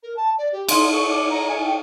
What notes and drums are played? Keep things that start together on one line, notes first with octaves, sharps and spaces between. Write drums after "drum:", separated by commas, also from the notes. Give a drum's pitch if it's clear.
A#4
A5
D5
G4
C6, drum: cymbal
C#6
D6
A#5
G#5
G5